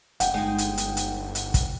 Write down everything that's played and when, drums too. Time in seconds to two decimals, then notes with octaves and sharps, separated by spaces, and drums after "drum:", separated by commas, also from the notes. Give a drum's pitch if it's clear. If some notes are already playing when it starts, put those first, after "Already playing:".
0.20 F1 F#2 F#5 G5, drum: hi-hat
0.34 G1 G#3 D#4 D#5
0.58 drum: hi-hat
0.78 drum: hi-hat
0.97 drum: hi-hat
1.35 drum: hi-hat
1.54 drum: kick, hi-hat